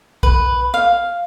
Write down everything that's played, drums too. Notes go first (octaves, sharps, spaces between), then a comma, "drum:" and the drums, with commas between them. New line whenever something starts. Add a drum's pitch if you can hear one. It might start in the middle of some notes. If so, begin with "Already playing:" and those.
B4, drum: kick B1
F5